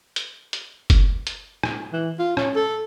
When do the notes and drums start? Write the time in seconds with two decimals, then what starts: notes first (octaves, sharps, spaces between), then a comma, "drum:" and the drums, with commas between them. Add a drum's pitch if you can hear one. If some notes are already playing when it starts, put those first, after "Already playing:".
0.16 drum: hi-hat
0.53 drum: hi-hat
0.90 drum: kick F#1, hi-hat
1.27 drum: hi-hat
1.63 drum: rim click
1.93 E3
2.19 F4
2.37 C#4, drum: rim click
2.55 A4